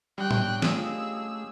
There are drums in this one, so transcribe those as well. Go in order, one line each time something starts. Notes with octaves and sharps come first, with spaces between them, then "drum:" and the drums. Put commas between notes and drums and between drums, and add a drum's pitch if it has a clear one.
D3 G3 C#4 G5 F#6
drum: tom A2
A3 F4 G4 G#4 D#5 E6, drum: snare